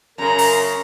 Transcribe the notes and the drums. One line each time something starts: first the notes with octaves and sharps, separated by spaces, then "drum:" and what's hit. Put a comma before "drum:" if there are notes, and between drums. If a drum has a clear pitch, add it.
F#2 C#3 A#4 A#5
drum: open hi-hat